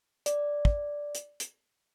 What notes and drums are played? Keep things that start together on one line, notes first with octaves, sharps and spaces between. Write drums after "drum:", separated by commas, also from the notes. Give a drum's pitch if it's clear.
D5, drum: hi-hat
drum: kick
drum: hi-hat
drum: hi-hat